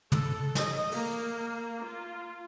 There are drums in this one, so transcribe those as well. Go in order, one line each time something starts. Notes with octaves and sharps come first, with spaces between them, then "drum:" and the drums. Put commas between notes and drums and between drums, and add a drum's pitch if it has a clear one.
A4, drum: tom
D#5, drum: snare
A#3, drum: open hi-hat
F4